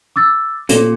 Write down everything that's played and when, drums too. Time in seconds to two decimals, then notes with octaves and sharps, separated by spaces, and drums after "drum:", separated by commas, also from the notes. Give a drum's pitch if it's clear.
0.16 D6 E6 A6
0.69 A#2 A4, drum: hi-hat